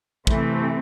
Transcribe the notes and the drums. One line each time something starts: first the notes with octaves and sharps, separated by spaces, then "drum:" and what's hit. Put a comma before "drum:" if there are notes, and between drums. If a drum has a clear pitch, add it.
C3 E3 A3 C4, drum: kick